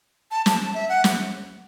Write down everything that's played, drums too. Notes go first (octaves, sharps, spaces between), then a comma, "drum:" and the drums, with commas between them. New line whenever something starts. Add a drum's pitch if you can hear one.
A5
A5, drum: snare
A5
E5
F#5
drum: snare